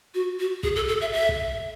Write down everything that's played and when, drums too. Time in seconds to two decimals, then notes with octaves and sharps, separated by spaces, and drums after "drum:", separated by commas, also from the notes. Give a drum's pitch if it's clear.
0.14 F#4
0.40 F#4
0.63 G#4, drum: kick
0.76 A4
0.88 A4
1.01 E5
1.13 E5
1.29 drum: kick